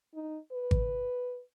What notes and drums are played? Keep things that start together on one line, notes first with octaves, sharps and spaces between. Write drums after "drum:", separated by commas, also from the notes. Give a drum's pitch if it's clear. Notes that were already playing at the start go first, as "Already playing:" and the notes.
D#4
B4
drum: kick G#1